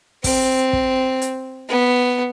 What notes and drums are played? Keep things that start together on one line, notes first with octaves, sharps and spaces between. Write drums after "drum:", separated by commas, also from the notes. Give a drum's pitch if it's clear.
C4, drum: kick, open hi-hat
drum: kick
drum: hi-hat
B3